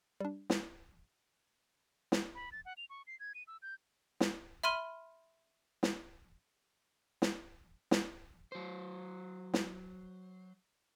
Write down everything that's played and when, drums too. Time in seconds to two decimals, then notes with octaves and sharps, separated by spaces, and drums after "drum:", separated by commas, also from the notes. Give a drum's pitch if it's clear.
0.20 G3 D4
0.50 drum: snare
2.12 drum: snare
2.35 B5
2.52 A6
2.65 F#5
2.77 F7
2.90 C#6
3.07 C7
3.20 G#6
3.35 D#7
3.47 E6
3.62 G6
4.20 drum: snare
4.63 E5 B5 C6 F6 D#7 G7
5.83 drum: snare
7.22 drum: snare
7.91 drum: snare
8.52 F#3 C5
9.54 drum: snare